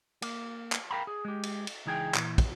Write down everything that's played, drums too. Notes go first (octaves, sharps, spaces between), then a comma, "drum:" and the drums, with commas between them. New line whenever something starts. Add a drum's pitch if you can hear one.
A#3, drum: cymbal
drum: clap
A#4 F5 G5 A#5 B5
G#4
G#3 G4
drum: cymbal
drum: cymbal
C#2 E3 D#4 G#4 G5
A#2 E3, drum: clap
drum: kick, cymbal